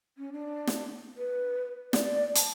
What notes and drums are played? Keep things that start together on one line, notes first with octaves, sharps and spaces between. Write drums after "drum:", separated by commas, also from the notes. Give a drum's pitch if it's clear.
C#4
D4
drum: snare
B4
D5, drum: snare
A5, drum: hi-hat